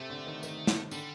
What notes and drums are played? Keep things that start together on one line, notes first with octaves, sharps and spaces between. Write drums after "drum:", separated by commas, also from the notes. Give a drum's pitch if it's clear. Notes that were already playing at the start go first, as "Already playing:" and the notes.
Already playing: C3 A3 C4
D3 D4
D#3 D#4
D#3 D#4, drum: tambourine
drum: snare
D3 G3 D4, drum: tambourine